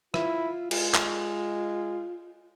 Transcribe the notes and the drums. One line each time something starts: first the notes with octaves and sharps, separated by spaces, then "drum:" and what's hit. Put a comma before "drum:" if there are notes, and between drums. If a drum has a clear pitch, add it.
E4 F4, drum: rim click
G#3 F4, drum: cymbal
drum: clap